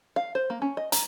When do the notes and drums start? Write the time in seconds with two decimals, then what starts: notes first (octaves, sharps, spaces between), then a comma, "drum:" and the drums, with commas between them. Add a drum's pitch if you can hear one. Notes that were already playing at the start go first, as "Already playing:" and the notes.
0.16 F5
0.35 C5
0.50 A#3
0.62 C#4
0.77 D#5
0.92 A#5, drum: hi-hat